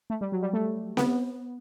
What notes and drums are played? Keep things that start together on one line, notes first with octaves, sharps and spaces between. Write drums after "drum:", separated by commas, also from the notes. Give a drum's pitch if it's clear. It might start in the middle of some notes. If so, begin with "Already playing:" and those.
A3
G3
F#3
G3
A3
B3, drum: snare C4